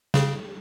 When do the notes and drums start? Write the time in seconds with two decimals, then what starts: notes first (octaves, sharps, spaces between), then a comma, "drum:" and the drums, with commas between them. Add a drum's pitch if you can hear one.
0.14 C#3, drum: snare